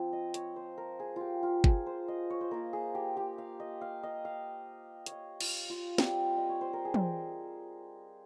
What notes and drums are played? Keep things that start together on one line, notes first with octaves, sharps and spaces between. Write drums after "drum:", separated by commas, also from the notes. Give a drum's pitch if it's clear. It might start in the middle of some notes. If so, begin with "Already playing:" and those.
Already playing: F3 C4 F4 C5
D#5
C#5, drum: hi-hat
C5
A#4
G#4
F4 G4
F4
G#4, drum: kick
C5
D#5
C#5
C5
A#3 F4 A#4
G#4
G4
G4
F5
D#5
F5
D#5
F5
C#5, drum: hi-hat
D#5
F4, drum: cymbal
F4
G3 C4 F4 G4, drum: snare
D#5
C#5
C5
A#4
G#4
drum: tom